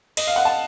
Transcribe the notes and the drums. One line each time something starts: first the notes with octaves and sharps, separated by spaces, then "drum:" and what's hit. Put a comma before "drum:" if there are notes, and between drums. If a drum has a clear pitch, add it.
D#5, drum: cymbal
F5
F#5
A5